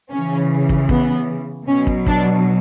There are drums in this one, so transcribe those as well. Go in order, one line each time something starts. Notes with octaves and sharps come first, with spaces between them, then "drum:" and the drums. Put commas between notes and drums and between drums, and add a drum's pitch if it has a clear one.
C#3 E3 C#4
drum: kick
B3, drum: kick
B2 F#3 C#4
drum: kick
D4, drum: kick